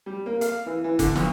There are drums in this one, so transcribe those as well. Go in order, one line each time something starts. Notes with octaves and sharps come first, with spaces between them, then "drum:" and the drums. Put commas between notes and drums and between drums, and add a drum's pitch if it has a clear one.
G3
A#3
F5, drum: hi-hat
E3
E3
D3, drum: kick E1, hi-hat
B1, drum: snare